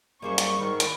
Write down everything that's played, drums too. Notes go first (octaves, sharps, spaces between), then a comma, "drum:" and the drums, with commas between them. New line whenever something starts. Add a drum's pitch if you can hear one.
F#2 G3 A#3 G#4 C5 C#6
drum: hi-hat
G#2 D#3 B5
drum: hi-hat